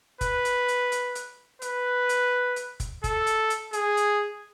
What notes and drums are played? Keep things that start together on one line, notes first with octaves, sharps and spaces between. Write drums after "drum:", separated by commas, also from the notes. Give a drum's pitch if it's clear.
B4, drum: kick, hi-hat
drum: hi-hat
drum: hi-hat
drum: hi-hat
drum: hi-hat
B4, drum: hi-hat
drum: hi-hat
drum: hi-hat
drum: kick, hi-hat
A4, drum: kick, hi-hat
drum: hi-hat
drum: hi-hat
G#4, drum: hi-hat
drum: hi-hat